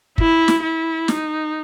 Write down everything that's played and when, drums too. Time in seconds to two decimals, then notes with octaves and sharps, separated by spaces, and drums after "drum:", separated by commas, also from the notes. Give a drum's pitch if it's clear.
0.18 E4, drum: kick
0.48 drum: snare
0.62 E4
1.08 D#4, drum: snare